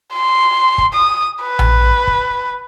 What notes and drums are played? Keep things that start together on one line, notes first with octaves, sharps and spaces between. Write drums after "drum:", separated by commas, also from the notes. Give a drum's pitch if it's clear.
C6
drum: kick
D#6
B4
drum: tom A#1
drum: kick